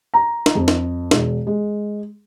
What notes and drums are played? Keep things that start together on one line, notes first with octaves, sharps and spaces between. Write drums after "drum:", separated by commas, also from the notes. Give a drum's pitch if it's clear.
A#5
drum: snare
F2
drum: snare
E1, drum: snare
G#3